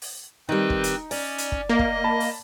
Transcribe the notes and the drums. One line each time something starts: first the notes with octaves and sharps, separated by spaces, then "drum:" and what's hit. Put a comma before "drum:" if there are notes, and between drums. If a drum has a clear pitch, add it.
drum: open hi-hat
D#3 G3 C4 D#4 B4
drum: kick
drum: hi-hat
C#4 D5, drum: open hi-hat
drum: hi-hat
drum: kick
A#3 D#5
drum: kick
A5 B5
drum: open hi-hat